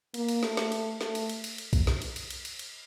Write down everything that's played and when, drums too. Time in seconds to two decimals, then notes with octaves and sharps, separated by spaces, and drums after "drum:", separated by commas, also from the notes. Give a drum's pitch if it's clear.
0.14 A#3, drum: cymbal
0.28 drum: cymbal
0.43 A3, drum: snare
0.57 drum: snare
0.72 drum: cymbal
1.01 A3, drum: snare
1.15 drum: cymbal
1.30 drum: cymbal
1.44 drum: cymbal
1.58 drum: cymbal
1.73 drum: kick A#1, cymbal
1.87 drum: snare
2.02 drum: cymbal
2.16 drum: cymbal
2.31 drum: cymbal
2.45 drum: cymbal
2.59 drum: cymbal